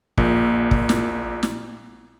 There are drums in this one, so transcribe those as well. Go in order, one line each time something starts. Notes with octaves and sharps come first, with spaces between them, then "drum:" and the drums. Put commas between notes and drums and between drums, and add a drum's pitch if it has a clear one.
A#1 A#2, drum: kick
drum: kick
drum: snare
drum: snare